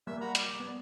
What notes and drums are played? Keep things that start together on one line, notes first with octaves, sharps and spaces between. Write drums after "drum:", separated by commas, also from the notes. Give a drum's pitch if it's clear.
G3 A#3 E5 E6
F#4 A#5 B5
D5, drum: hi-hat
G3
B3